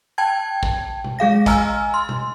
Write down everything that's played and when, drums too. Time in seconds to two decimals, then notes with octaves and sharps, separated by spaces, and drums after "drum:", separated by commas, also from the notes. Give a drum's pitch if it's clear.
0.18 G5 A5 G#6
0.63 drum: kick
1.04 drum: tom B2
1.19 G#3 G#4 F5 A#6
1.46 D#5 G#5 A#5 E6 F6, drum: kick, hi-hat
1.94 C6
2.09 drum: tom B2